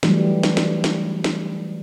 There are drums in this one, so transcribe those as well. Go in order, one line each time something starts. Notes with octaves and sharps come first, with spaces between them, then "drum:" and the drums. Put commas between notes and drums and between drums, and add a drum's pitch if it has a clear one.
E3 F#3 G3 A3, drum: snare
drum: snare
drum: snare
drum: snare
drum: snare